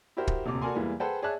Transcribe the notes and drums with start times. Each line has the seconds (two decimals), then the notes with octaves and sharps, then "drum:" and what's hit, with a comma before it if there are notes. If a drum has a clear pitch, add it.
0.17 E4 F#4 G4 A#4 C5
0.27 drum: kick
0.46 D#1 D2 C3 D6
0.62 F#4 A4 A#4 D5 G#5 C6
0.75 E2 E3 G3 G#3 A#3
1.00 G#4 A4 B4 C5 F#5 G5
1.23 G#4 C#5 D5 E5 A5 F#6